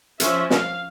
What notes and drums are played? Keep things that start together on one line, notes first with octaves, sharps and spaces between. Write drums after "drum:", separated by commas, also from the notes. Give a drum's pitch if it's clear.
F3 C#4 E5, drum: hi-hat
F5, drum: snare